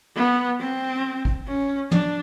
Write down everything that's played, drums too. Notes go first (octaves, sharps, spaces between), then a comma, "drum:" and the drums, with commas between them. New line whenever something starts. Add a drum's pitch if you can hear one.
B3
C4
drum: kick G#1
C#4
D4, drum: tom